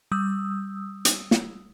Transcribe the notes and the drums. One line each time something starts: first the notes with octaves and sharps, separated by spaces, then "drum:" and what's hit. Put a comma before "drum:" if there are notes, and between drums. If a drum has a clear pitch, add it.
G3 D#6 E6
drum: hi-hat
drum: snare